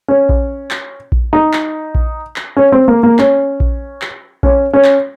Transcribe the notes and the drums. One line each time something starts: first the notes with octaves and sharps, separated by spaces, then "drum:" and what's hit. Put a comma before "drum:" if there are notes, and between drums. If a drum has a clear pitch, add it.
C#4
drum: kick A#1
drum: clap
drum: kick A#1
D#4
drum: clap
drum: kick A#1
drum: clap
C#4
C4
A#3
A#3
C#4, drum: clap
drum: kick A#1
drum: clap
C#4, drum: kick A#1
C#4
drum: clap